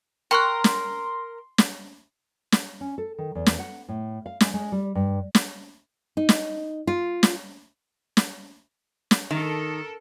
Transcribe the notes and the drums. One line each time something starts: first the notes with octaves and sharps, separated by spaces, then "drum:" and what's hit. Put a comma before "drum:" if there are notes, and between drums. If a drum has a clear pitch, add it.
A#4 G5 C6 C#6 F#6
drum: snare
drum: snare
drum: snare
C#4
A4
D#3
E2
drum: snare
F#5
A2
F5
G#3, drum: snare
G#3
G3
G2
drum: snare
D#4
drum: snare
F4
drum: snare
drum: snare
drum: snare
D#3 A4 A#4